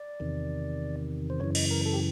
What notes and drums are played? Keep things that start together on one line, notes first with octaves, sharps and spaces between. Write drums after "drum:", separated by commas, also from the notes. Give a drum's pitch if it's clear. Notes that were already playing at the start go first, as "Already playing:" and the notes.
Already playing: D5
E2 C3 D#3
C5
F#2 C#3 E3 C#5
D#5, drum: cymbal
A#4
A4
G4